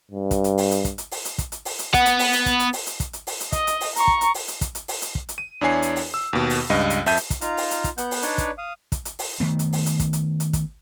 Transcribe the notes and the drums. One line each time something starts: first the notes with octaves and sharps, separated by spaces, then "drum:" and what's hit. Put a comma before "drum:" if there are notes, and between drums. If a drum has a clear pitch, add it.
G2
drum: kick, hi-hat
drum: hi-hat
drum: open hi-hat
drum: hi-hat
drum: kick, hi-hat
drum: hi-hat
drum: open hi-hat
drum: hi-hat
drum: kick, hi-hat
drum: hi-hat
drum: open hi-hat
drum: hi-hat
B3 F#5, drum: kick, hi-hat
drum: hi-hat
drum: open hi-hat
drum: hi-hat
drum: kick, hi-hat
drum: hi-hat
drum: open hi-hat
drum: hi-hat
drum: kick, hi-hat
drum: hi-hat
drum: open hi-hat
drum: hi-hat
D#5, drum: kick, hi-hat
drum: hi-hat
drum: open hi-hat
A#5 C#6, drum: hi-hat
drum: kick
drum: hi-hat
drum: open hi-hat
drum: hi-hat
drum: kick, hi-hat
drum: hi-hat
drum: open hi-hat
drum: hi-hat
drum: kick
drum: hi-hat
D#7
E2 D4 E4 C#5 G#5 C7
drum: hi-hat
drum: open hi-hat
E6
D#2 B2
drum: open hi-hat
C#2 G2 D#5
drum: hi-hat
F2 E5 A5 G6 D#7, drum: open hi-hat
drum: hi-hat
drum: kick, hi-hat
D#4 F4 F5 A#5, drum: hi-hat
drum: open hi-hat
drum: hi-hat
drum: kick, hi-hat
B3 F#5 G6, drum: hi-hat
drum: open hi-hat
D4 D#4 B4 C#5 D5, drum: hi-hat
drum: kick, hi-hat
F5 D#6
drum: kick, hi-hat
drum: hi-hat
drum: open hi-hat
D#3 A3 B3
drum: hi-hat
drum: open hi-hat
drum: hi-hat
drum: kick, hi-hat
drum: hi-hat
drum: hi-hat
drum: kick, hi-hat